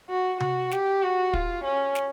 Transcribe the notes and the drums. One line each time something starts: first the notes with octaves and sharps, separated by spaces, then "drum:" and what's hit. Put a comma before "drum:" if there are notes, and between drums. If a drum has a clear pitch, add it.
F#4
F#4, drum: tom C3
G4, drum: snare
F#4
F4, drum: kick
C#4
drum: snare